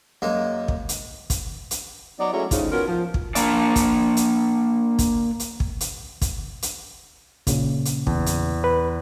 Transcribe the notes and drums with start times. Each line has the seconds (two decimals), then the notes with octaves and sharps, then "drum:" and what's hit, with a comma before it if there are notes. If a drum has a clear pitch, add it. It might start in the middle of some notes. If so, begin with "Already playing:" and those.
0.22 F#2 G#3 A#3
0.68 drum: kick
0.89 drum: hi-hat
1.30 drum: kick, hi-hat
1.71 drum: hi-hat
2.19 F#3 B3 D#4 D5
2.32 F#3 G#3 A3 C#4 E4 F#4
2.51 A2 C#3 F3 C#4 D#4, drum: kick, hi-hat
2.71 B3 C#4 F4 F#4 A#4
2.87 F3
3.14 drum: kick
3.35 A#3 D4 D5, drum: hi-hat
3.76 drum: kick, hi-hat
4.17 drum: hi-hat
4.99 drum: kick, hi-hat
5.40 drum: hi-hat
5.60 drum: kick
5.81 drum: hi-hat
6.21 drum: kick, hi-hat
6.62 drum: hi-hat
7.47 A#2 C#3, drum: kick, hi-hat
7.85 drum: hi-hat
8.07 E2, drum: kick
8.26 drum: hi-hat
8.64 B4